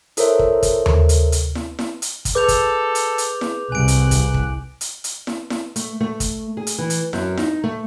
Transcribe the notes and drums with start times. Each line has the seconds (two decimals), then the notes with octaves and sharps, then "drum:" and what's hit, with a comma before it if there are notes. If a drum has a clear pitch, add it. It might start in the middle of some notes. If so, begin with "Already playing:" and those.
0.17 E4 A4 A#4 C5 C#5 E5, drum: hi-hat
0.39 drum: kick
0.63 drum: kick, hi-hat
0.86 drum: tom D#2
1.09 drum: hi-hat
1.32 drum: hi-hat
1.55 drum: snare E4
1.79 drum: snare E4
2.02 drum: hi-hat
2.25 drum: kick, hi-hat
2.35 G#4 A4 B4 D6 G6 F7
2.48 drum: kick, hi-hat
2.95 drum: hi-hat
3.18 drum: hi-hat
3.41 drum: snare E4
3.72 C2 G#5 F#6 D7
3.88 drum: hi-hat
4.11 drum: kick, hi-hat
4.34 drum: kick
4.81 drum: hi-hat
5.04 drum: hi-hat
5.27 drum: snare E4
5.50 drum: snare E4
5.76 A3, drum: hi-hat
6.01 A3
6.20 drum: kick, hi-hat
6.57 G#4
6.67 drum: hi-hat
6.78 E3
6.90 drum: hi-hat
7.13 F#2, drum: snare E4
7.38 D#4, drum: snare E4
7.64 A3